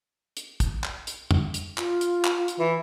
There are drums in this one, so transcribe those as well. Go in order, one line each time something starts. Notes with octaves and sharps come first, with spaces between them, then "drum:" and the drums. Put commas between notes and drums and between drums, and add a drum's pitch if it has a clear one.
drum: hi-hat
drum: kick, hi-hat
drum: clap
drum: hi-hat
drum: tom
drum: hi-hat
F4, drum: clap
drum: hi-hat
drum: clap
drum: hi-hat
E3